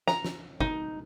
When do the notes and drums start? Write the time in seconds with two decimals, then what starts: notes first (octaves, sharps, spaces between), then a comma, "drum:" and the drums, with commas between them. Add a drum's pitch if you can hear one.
0.07 A#5, drum: snare
0.24 drum: snare
0.60 D#4, drum: kick